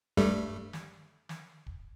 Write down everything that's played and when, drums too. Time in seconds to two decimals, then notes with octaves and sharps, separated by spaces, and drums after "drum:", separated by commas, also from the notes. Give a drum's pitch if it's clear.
0.17 G2 G3 A3, drum: kick
0.73 drum: snare
1.29 drum: snare
1.66 drum: kick